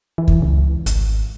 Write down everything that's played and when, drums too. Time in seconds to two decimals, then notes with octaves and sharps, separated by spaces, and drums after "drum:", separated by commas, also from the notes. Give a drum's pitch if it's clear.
0.18 E3
0.28 drum: kick
0.42 C#2
0.86 G#1, drum: hi-hat